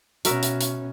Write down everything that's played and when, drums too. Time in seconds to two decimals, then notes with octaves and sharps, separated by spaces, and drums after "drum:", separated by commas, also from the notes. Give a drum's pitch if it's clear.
0.25 B2 C#4 F#4 A#4 E5, drum: hi-hat
0.43 drum: hi-hat
0.61 drum: hi-hat